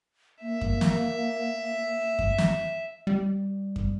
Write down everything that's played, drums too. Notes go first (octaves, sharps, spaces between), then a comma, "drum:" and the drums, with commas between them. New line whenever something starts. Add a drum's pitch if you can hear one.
A#3 E5
drum: kick F#2
drum: snare
drum: kick F#2
drum: snare
G3
drum: kick F#2